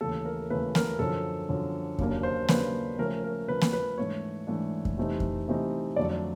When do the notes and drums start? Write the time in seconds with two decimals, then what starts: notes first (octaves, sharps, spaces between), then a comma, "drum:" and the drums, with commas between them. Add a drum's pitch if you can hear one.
0.01 D#2 C#3 E3 A3 A4
0.25 A#4
0.50 D#2 C#3 E3 A3 B4
0.75 A#4, drum: snare A#3
0.99 F#2 D3 F3 A4
1.49 F#2 D3 F3
1.99 D#2 C#3 F#3 A#3 D4, drum: kick F2
2.23 C5
2.49 D#2 C#3 F#3 A#3 D4 B4, drum: snare A#3
2.98 C#3 F3 A3 C#4 A#4
3.24 A#4
3.48 C#3 F3 A3 C#4 B4
3.62 drum: snare A#3
3.73 B4
3.98 G#2 E3 A3 D4 C#5
4.47 G#2 E3 A3 D4
4.85 drum: kick F2
4.98 C3 E3 A3 C4 D#4
5.20 drum: kick F2
5.48 C3 E3 A3 C4 D#4
5.96 F2 D3 F#3 A3 D5